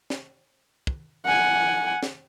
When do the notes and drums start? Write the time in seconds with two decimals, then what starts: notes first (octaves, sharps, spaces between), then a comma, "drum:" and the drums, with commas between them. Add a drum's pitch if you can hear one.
0.10 drum: snare
0.87 drum: kick
1.26 F#5 G#5
2.03 drum: snare